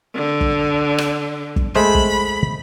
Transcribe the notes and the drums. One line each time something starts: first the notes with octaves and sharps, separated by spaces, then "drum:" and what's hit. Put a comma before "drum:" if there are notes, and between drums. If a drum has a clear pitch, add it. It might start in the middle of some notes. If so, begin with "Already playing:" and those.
D3
drum: kick
drum: rim click
drum: kick
G#3 A3 C5 B5
drum: kick